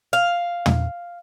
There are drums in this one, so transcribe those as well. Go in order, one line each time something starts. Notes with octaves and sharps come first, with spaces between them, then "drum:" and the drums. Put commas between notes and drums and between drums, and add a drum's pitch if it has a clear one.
F5
drum: tom